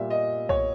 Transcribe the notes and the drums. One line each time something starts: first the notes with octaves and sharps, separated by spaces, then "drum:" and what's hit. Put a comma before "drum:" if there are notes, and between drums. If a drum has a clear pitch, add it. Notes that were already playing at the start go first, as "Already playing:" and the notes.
Already playing: A#2 G3 E5
D#5
C#5, drum: kick B1